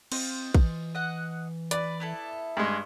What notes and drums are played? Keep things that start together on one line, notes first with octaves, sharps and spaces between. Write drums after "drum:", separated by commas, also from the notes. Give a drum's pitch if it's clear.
C4 F4 C5 D#5, drum: cymbal
E3, drum: kick
D#5 F#5
B4 D5, drum: hi-hat
B3 E4 A4
G2 G#3